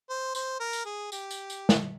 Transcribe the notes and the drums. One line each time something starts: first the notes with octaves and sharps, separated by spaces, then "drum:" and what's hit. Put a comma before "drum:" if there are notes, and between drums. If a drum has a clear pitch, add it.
C5
C5, drum: tambourine
A#4
drum: tambourine
G#4
G4, drum: tambourine
drum: tambourine
drum: tambourine
drum: snare